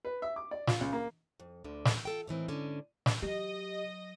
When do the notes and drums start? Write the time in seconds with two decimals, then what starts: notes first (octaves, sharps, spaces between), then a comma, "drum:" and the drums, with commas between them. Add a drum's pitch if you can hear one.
0.05 B4
0.22 E5
0.36 D6
0.51 D5
0.67 F4, drum: snare
0.81 C#2
0.93 A#3
1.40 F2
1.64 D2 D3
1.85 drum: snare
2.05 F4 A4 G5
2.27 A2 D#3 E3 C4
2.48 G#2 D3 C#4
3.06 drum: snare
3.23 F#3 G4 D#5